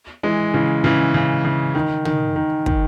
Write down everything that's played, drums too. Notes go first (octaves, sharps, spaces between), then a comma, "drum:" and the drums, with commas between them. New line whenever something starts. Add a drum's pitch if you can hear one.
E3 G#3
C#3 E3
C#3 E3
C#3
C#3
D#3
D#3, drum: tom
D#3
D#3, drum: kick